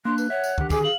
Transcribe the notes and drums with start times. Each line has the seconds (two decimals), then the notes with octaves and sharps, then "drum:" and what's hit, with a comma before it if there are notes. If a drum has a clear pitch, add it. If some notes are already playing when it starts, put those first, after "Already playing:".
0.05 A#3 D4 C6 F#6
0.18 B4, drum: tambourine
0.30 C#5 E5 F#5
0.44 drum: tambourine
0.58 D3 D#3 G4, drum: kick
0.70 G#4 G#5 D6, drum: kick, tambourine
0.84 F5 F#7